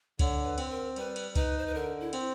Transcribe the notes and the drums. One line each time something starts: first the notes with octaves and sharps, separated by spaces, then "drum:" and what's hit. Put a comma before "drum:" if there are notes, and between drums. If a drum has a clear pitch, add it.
D3 C#5, drum: kick C#2, cymbal
B4
C4, drum: cymbal
A#4
G3 B4, drum: cymbal
drum: cymbal
D#4 B4, drum: kick C#2, cymbal
C5
B4
D3 A#4
E4
C4, drum: cymbal